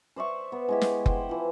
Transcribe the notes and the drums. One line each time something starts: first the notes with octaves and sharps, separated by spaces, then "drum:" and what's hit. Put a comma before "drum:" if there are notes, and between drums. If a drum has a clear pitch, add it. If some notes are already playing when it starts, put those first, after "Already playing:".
C5 D5 E5 C#6
B3
G#3 E4 G4
drum: snare
C5 F#5 G5, drum: kick F#1
E3 F3